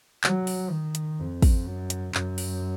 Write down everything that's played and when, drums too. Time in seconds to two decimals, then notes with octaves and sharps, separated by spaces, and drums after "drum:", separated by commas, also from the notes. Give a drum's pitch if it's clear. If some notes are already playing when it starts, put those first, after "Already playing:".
0.24 F#3, drum: clap
0.47 drum: open hi-hat
0.70 D#3
0.95 drum: hi-hat
1.19 F2
1.42 drum: kick, open hi-hat
1.66 F#2
1.90 drum: hi-hat
2.15 F#2, drum: clap
2.38 drum: open hi-hat